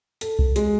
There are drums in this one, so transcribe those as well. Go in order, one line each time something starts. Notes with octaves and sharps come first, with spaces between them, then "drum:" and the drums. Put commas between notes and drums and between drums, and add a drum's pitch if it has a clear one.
A4, drum: hi-hat
drum: kick C2
G#3, drum: hi-hat